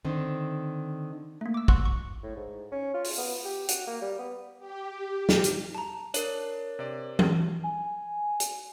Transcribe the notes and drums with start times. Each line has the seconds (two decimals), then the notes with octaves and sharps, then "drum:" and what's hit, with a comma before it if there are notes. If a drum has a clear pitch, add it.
0.05 D3 D#3 C4
1.41 A3 A#3
1.54 D6 E6
1.68 F#5 C6 C#6 E6 F#6, drum: kick
1.85 C#6
2.23 A2
2.36 G#2
2.72 C#4
2.94 F4
3.04 drum: open hi-hat
3.18 B3
3.45 G4
3.68 F#4, drum: hi-hat
3.87 A#3
4.01 G3
4.19 B3
4.58 G4
5.29 drum: snare
5.44 drum: hi-hat
5.75 A5 A#5
6.14 D4 A#4 C#5, drum: hi-hat
6.79 C3 D5
7.19 drum: tom E3
7.64 G#5
8.40 drum: hi-hat